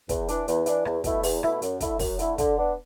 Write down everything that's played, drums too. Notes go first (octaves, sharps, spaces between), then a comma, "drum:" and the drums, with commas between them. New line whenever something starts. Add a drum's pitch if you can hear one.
E2, drum: kick, hi-hat
E3 D4, drum: hi-hat
E2, drum: hi-hat
E3 D4, drum: hi-hat
E2, drum: rim click
B2 A3 E4, drum: kick, hi-hat
E2, drum: open hi-hat
B2 A3 E4, drum: rim click
F#2, drum: hi-hat
D3 A3 E4, drum: kick, hi-hat
F#2, drum: kick, open hi-hat
D3 A3 E4, drum: hi-hat
D3, drum: kick, hi-hat
B3 D4